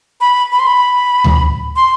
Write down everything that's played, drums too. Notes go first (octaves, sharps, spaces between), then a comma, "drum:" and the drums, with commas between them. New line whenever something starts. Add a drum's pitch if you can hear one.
B5
B5
C6
B5
drum: tom D2
C6